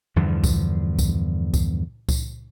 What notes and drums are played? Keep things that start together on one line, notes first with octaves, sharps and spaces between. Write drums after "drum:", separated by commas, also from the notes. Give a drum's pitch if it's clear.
E2 G2 D3 F3
drum: kick C2, tambourine
drum: kick C2, tambourine
drum: kick C2, tambourine
drum: kick C2, tambourine